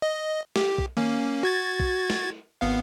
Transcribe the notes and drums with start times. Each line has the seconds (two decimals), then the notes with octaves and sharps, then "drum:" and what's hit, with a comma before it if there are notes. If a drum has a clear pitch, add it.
0.02 D#5
0.56 G4, drum: snare
0.78 drum: kick
0.97 A#3 C#4, drum: tom D#3
1.43 F#4 G#6 A6
1.80 drum: kick
2.10 drum: snare
2.61 G#1 B3 F5